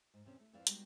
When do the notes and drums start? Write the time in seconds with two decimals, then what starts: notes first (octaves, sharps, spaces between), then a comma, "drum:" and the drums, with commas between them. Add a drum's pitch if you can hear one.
0.14 G#2
0.25 E2 C3 C#4
0.39 A3
0.53 F2 E4 B4 D5 F5
0.67 G3 G#3 B3 D#4 F#4 G4, drum: hi-hat